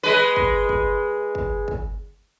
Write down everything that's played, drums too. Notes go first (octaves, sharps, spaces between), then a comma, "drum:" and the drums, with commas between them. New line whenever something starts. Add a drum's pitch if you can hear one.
G#3 B4
drum: kick
drum: kick
drum: kick
drum: kick